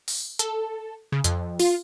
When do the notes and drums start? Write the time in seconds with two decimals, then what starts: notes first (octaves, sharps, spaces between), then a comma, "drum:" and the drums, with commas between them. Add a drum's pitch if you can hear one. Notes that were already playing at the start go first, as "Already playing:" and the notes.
0.08 drum: open hi-hat
0.39 A4, drum: hi-hat
1.12 C#3
1.24 F2, drum: hi-hat
1.60 F4, drum: open hi-hat